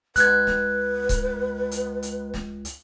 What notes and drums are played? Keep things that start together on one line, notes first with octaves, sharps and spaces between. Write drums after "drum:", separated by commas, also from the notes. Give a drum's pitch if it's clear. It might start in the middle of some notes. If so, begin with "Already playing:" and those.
C#2 B4 F#6 G#6, drum: hi-hat
drum: snare
drum: kick C#1, hi-hat
drum: hi-hat
drum: hi-hat
drum: snare
drum: hi-hat